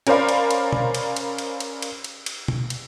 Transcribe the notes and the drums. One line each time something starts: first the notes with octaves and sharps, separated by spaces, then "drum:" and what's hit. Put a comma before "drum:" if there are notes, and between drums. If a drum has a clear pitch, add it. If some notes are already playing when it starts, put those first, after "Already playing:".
C#4 A#4 C5 D5 F5 B5, drum: cymbal
drum: cymbal
drum: cymbal
drum: tom B2
drum: cymbal
drum: cymbal
drum: cymbal
drum: cymbal
drum: cymbal
drum: cymbal
drum: cymbal
drum: tom B2
drum: cymbal